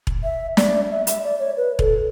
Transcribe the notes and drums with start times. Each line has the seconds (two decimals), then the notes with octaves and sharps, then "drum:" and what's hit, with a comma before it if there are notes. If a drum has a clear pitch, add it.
0.07 drum: kick E1
0.23 E5
0.57 D5, drum: snare
0.90 E5
1.07 E5, drum: hi-hat
1.23 D5
1.39 C#5
1.57 B4
1.79 A4, drum: kick E1